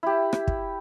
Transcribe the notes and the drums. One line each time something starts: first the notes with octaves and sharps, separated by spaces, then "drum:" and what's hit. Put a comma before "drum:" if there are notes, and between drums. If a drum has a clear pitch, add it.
E4 G4
drum: rim click
drum: kick